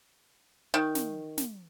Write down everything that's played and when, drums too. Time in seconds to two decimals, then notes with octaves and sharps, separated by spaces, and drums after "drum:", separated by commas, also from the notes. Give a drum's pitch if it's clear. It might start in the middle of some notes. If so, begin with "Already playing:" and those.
0.74 D#3
0.95 drum: snare
1.38 drum: snare